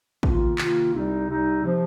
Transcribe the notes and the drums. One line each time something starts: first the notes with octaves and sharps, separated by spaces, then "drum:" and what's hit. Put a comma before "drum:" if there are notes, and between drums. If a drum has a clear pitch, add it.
C3 D#3 A#3 F4, drum: kick A1
C3 D#3 A#3 F4, drum: clap
C2 C3 G3 C4 D#4
C2 C3 G3 C4 D#4
C3 F3